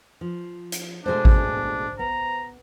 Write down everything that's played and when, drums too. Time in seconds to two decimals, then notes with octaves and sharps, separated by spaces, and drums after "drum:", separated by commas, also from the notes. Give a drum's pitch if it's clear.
0.21 F3
0.72 drum: hi-hat
1.06 B2 G#3 A3 D4 C5 G#5
1.25 drum: kick G#1
1.99 B3 A#5